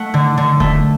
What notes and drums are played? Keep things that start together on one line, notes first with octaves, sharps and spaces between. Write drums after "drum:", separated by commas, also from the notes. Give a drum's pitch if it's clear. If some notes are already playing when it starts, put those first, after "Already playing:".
Already playing: A3 F#5
D3
D3
A3, drum: kick E1